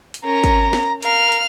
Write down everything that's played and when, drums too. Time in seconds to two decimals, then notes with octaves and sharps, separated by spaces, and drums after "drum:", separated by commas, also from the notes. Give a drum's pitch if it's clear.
0.14 drum: hi-hat
0.24 C#4 A#4 A#5
0.44 drum: kick, hi-hat
0.73 drum: snare
1.03 A#4 F5 F6, drum: hi-hat
1.32 drum: hi-hat